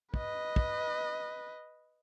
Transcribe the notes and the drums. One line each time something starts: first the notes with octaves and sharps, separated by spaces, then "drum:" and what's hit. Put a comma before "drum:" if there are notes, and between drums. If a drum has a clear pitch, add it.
B4 D#5, drum: kick
drum: kick